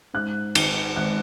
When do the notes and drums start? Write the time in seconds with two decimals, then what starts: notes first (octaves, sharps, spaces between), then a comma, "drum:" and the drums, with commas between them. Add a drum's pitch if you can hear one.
0.14 G#2 F#6
0.55 G#1, drum: cymbal
0.96 G#1 F#6